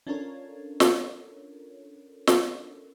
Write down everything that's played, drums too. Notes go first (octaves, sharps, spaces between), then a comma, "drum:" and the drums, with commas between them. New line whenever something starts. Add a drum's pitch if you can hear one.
C#4 D4 F4 A4 A#4 C#5
drum: snare
drum: snare